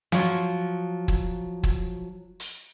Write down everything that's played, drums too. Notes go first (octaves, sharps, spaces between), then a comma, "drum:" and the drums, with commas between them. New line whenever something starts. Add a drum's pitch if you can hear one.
F3 F#3, drum: snare
drum: kick
drum: kick
drum: hi-hat